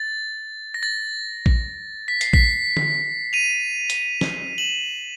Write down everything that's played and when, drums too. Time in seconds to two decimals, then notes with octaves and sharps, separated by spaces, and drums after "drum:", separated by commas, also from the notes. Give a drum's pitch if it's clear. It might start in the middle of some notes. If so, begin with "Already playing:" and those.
Already playing: A6
0.74 A#6
0.83 A6
1.46 drum: kick A#1
2.08 B6
2.21 C7, drum: hi-hat
2.33 B6, drum: kick A#1
2.77 drum: tom D3
3.33 D#7 F7
3.90 drum: hi-hat
4.21 drum: snare
4.58 E7 F#7